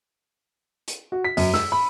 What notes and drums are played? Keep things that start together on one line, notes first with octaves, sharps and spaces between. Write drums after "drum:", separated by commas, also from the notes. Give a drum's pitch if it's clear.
drum: hi-hat
F#4
B6
F#2, drum: open hi-hat
E6, drum: snare
B5